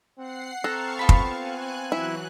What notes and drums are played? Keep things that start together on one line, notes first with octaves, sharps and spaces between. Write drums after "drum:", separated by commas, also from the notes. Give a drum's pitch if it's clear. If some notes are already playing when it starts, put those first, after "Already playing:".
C4 F#5 C7
C4 A4 F5 A5 A#5 C#6 F#6
B3 F4 B5
drum: kick
G#5 F#6
E3 F#3 E4 F#6